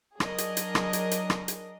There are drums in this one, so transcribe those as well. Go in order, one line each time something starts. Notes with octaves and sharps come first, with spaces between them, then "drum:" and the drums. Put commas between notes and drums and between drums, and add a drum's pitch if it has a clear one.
F#3 D4 G#4 A#4 D#5, drum: rim click
drum: hi-hat
drum: hi-hat
drum: rim click
drum: hi-hat
drum: hi-hat
drum: rim click
drum: hi-hat